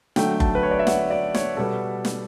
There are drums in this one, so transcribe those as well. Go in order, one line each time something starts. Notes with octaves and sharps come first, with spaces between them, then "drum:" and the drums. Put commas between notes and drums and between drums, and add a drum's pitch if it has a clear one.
D3 F#3 A3 G5, drum: snare
A5, drum: kick F#1
B4
C#5
D5
E5
F#5, drum: snare
D5
C#5, drum: snare
B2 G3 B3 A4
drum: snare